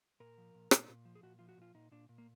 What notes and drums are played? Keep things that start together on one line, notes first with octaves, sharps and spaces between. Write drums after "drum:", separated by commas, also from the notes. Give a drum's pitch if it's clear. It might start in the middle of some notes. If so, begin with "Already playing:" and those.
A#2 A#4
F3
A#2
A#2, drum: rim click
A#2
F3
G#4
A#2 F#4
F3 F4
F#4
A#2 F4
A#2 D#4
A#2 D4
A#2
A#3